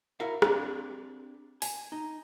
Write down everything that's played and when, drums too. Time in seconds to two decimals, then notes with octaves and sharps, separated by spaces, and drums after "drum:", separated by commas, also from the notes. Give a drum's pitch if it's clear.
0.20 G#2 E4 F#4 A#4 F5
0.42 C4 D4 G4 F5, drum: rim click
1.62 G#5, drum: open hi-hat
1.92 D#4